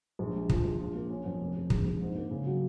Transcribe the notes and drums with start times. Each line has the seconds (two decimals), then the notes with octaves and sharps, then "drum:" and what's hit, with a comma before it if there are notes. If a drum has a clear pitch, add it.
0.19 A#1
0.34 G#3
0.49 F3, drum: kick
0.65 A#1
0.80 F3
0.95 A#3
1.10 C#4
1.25 F2
1.40 F1
1.55 F1
1.70 A#1, drum: kick
1.85 A#1
2.01 G#2
2.16 A#3
2.31 C#3
2.46 F#3